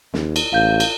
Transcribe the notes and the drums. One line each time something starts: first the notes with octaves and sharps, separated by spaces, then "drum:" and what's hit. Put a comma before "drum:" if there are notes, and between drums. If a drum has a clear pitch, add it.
D#2, drum: snare
drum: cymbal
A1 F5 G6
drum: cymbal